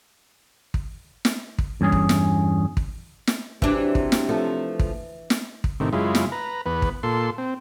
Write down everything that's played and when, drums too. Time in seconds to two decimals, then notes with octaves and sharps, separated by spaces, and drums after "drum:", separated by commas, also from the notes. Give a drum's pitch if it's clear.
0.74 drum: kick
1.25 drum: snare
1.58 drum: kick
1.81 E2 G2 C#4 G#4
1.92 drum: kick
2.09 drum: snare
2.77 drum: kick
3.27 drum: snare
3.62 C3 E3 F#3 C4 D4, drum: kick
3.95 drum: kick
4.12 drum: snare
4.29 F3 A3
4.79 drum: kick
5.30 drum: snare
5.64 drum: kick
5.80 A2 C3 D#3
5.93 F#2 C#3 G#3 E4 F4
6.15 drum: snare
6.32 B4 A#5
6.66 E2 B3 B4
6.82 drum: kick
7.03 A#2 A4 C6
7.38 C4